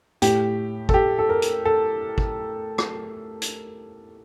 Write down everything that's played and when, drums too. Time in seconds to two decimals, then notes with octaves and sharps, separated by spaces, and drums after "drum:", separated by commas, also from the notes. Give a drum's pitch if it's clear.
0.22 A2 G4, drum: hi-hat
0.89 A4, drum: kick
0.94 G4
1.19 A4
1.29 A#4
1.42 drum: hi-hat
1.65 A4
2.18 drum: kick
2.78 drum: rim click
3.42 drum: hi-hat